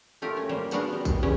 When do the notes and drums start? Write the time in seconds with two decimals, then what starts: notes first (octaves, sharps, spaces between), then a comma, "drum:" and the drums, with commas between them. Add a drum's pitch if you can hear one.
0.22 A3 F4 G4 A#4
0.37 C#4
0.49 G3 A#3 C5
0.71 G#3 B3 D4 F#4 A#4 F5, drum: tambourine
0.92 G3
1.05 drum: kick, tambourine
1.23 C#3 E3 G3 C#4